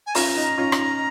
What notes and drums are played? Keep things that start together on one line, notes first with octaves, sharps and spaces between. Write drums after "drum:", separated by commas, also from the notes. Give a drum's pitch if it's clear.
G#5
C#4 F4 A#5, drum: open hi-hat
D#4
C#4 F4
drum: rim click